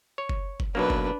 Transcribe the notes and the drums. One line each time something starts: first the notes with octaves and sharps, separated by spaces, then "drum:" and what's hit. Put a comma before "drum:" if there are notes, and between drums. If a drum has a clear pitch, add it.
C#5
drum: kick F#1
drum: kick F#1
B1 F#3 A#3 D4 B4
drum: kick F#1